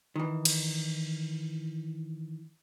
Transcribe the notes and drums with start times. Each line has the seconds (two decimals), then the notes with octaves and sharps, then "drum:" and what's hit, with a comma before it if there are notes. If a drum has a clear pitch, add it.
0.16 D#3 E3
0.45 drum: cymbal